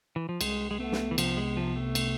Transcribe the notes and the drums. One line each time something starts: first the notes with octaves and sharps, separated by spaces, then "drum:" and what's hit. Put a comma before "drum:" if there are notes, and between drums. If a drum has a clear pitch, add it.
E3
F3
C2 G#3, drum: cymbal
G#3
A3 B3
drum: snare
E3
C3 F3, drum: cymbal
G#3
C3 F3
A3
drum: cymbal